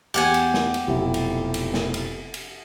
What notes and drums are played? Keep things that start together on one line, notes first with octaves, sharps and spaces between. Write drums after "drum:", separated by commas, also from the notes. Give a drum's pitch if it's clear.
E2 G4 F#5 G#5
drum: cymbal
drum: snare
drum: cymbal
F1 B1 E4
drum: cymbal
drum: cymbal
drum: snare
drum: cymbal
drum: cymbal